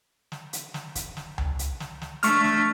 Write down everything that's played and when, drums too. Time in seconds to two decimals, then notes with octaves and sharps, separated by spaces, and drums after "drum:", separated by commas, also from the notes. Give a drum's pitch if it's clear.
0.32 drum: snare
0.53 drum: hi-hat
0.74 drum: snare
0.95 drum: kick, hi-hat
1.17 drum: snare
1.38 drum: tom C#2
1.59 drum: hi-hat
1.80 drum: snare
2.02 drum: snare
2.23 A3 D4 C#6 F6, drum: hi-hat
2.44 drum: snare